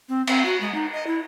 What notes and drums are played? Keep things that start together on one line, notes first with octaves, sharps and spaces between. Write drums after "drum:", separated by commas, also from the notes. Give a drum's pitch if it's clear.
C4
C4, drum: cymbal
F#4
G#3
D#4
D#5
E4